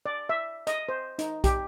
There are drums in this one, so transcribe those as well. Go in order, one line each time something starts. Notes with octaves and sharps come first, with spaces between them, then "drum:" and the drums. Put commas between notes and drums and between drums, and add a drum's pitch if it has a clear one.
D5
E5
D#5, drum: hi-hat
C5
D#4, drum: hi-hat
G4, drum: kick B1, hi-hat